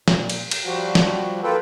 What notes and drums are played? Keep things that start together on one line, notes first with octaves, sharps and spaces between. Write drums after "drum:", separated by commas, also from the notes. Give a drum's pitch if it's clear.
A#2, drum: snare
drum: cymbal
drum: cymbal
F3 G3 F#4
drum: snare
A#3 F4 A4 B4 G5